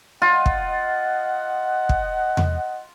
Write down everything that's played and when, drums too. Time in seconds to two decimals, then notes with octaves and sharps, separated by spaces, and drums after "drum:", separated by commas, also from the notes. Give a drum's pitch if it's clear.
0.22 F4 D#5 F#5
0.46 drum: kick
1.89 drum: kick
2.37 drum: tom E2